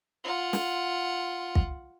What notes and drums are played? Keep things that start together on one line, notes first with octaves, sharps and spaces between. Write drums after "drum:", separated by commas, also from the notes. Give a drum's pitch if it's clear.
F4 F#5
drum: snare
drum: kick